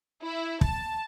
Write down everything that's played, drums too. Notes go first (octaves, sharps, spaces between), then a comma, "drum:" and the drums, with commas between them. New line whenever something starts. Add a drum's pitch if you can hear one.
E4
A5, drum: kick